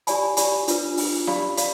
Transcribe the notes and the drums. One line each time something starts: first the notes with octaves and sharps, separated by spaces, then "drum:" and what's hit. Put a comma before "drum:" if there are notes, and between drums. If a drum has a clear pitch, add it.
G4 D5 G#5 B5, drum: hi-hat
G4 D5 G#5 B5, drum: hi-hat
D4 F4 B4, drum: hi-hat
D4 F4 B4, drum: open hi-hat
G4 D5 F5 B5, drum: snare
G4 D5 F5 B5, drum: hi-hat